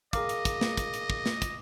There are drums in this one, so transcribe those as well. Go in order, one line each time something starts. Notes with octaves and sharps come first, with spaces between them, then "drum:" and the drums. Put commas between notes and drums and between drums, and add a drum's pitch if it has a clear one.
G#4 A#4 D#5 F5 D6, drum: kick, hi-hat
drum: hi-hat
drum: kick, hi-hat
drum: snare
drum: kick, hi-hat
drum: hi-hat
drum: kick
drum: snare
drum: kick, hi-hat